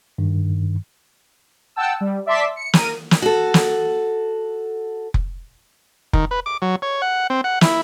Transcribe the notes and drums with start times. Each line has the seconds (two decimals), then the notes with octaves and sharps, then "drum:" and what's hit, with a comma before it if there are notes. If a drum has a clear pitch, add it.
0.18 G2 D#3
1.76 F#5 G5 A5 E6
2.01 G3
2.26 D5 E5 A5 C6 D6 B6
2.56 C#7
2.73 A#4 D#7, drum: snare
3.11 drum: snare
3.22 F#4 A4
3.54 drum: snare
5.14 drum: kick F1
6.13 D#3, drum: kick F1
6.31 B4
6.46 D6
6.62 F#3
6.82 C#5
7.02 F#5
7.30 C4
7.44 F#5
7.61 E4, drum: snare